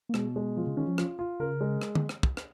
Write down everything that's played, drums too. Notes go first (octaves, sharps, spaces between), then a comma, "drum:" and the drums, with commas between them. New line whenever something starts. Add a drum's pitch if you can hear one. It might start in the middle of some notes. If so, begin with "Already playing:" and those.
A#3
B2 G#3, drum: rim click
G#3
F3 F4
C#3
D#3 C#4
F3
F4, drum: rim click
F4
C#3 A#4
G#3
drum: rim click
drum: tom D3
drum: rim click
drum: kick
drum: rim click